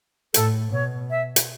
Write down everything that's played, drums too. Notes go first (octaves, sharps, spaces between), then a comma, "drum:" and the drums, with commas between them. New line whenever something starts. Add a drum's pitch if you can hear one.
A2 A4, drum: hi-hat
B2 C#5
E5
drum: hi-hat